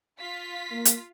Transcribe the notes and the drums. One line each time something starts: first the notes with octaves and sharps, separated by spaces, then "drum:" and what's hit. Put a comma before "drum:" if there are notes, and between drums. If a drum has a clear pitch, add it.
F4 B6
A#3
drum: hi-hat